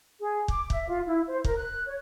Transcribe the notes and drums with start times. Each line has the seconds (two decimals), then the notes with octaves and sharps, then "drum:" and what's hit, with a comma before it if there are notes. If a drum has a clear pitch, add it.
0.21 G#4
0.48 D6, drum: kick
0.70 E5, drum: kick
0.87 F4
1.06 E4
1.28 C5
1.44 A#4, drum: kick
1.57 F#6
1.86 C#5